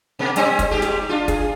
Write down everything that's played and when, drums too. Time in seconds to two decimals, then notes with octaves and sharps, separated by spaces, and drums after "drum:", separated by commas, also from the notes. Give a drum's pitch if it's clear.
0.19 B2 A#3
0.36 G3 C4 C#4, drum: hi-hat
0.59 drum: kick, hi-hat
0.71 G#2 G#3 G4
0.82 drum: snare
1.09 D4 F4
1.28 G#4, drum: kick, hi-hat